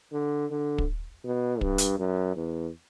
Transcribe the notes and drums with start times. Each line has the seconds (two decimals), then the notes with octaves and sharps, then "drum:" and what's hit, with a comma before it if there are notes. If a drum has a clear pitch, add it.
0.13 D3
0.51 D3
0.78 drum: kick
1.24 B2
1.61 G2, drum: kick
1.78 drum: hi-hat
1.99 F#2
2.36 E2